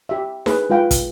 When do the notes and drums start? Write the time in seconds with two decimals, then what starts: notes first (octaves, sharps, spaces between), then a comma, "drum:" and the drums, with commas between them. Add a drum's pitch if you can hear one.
0.09 G4 E5
0.46 G#4 B4, drum: snare D#4
0.70 G#3 F4 B4 F5 G5
0.91 drum: kick, hi-hat